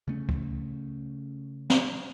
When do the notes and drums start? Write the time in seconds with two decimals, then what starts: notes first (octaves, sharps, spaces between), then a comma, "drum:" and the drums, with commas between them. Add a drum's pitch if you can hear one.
0.08 C#3 A3 C#4
0.29 drum: kick C#2
1.70 drum: snare